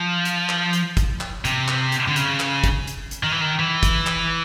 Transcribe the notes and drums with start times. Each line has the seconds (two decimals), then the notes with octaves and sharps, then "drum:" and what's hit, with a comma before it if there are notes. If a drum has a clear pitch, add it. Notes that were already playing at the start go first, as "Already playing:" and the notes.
Already playing: F3
0.25 drum: hi-hat
0.49 drum: clap
0.73 drum: hi-hat
0.97 drum: kick, hi-hat
1.21 drum: clap
1.45 C3, drum: hi-hat
1.68 drum: clap
1.92 drum: hi-hat
2.08 D3
2.16 C#3, drum: hi-hat
2.40 drum: clap
2.64 drum: kick, hi-hat
2.87 drum: hi-hat
3.11 drum: hi-hat
3.23 D#3
3.32 E3
3.41 D#3
3.59 E3
3.83 drum: kick, hi-hat
4.07 drum: clap